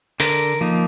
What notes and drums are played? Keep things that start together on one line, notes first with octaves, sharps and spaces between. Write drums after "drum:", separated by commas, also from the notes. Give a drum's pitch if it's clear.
D3 A#4, drum: open hi-hat
F3 A#3 D#4